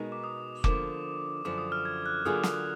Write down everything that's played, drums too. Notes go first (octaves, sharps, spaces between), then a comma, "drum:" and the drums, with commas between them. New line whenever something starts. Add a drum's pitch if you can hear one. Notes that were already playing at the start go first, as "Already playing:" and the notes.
Already playing: B2 G#3 D#4 A#4
D6
D#6
D3 F3 A#3 D4 D6, drum: kick F1
F#2 D3 F3 D6
D#6
F6
G#6
F#6
D3 F#3 A#3 F4 G#4 D#6
D6
D#6, drum: snare